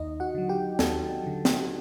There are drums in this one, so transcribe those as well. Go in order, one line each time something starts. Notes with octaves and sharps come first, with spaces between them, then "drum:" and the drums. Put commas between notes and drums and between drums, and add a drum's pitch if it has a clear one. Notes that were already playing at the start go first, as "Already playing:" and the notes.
Already playing: D#2 D#4 D#5
F#4 F#5
D3 F#3
G4 G5
D#2 A4 A5, drum: snare
D3 F#3
drum: snare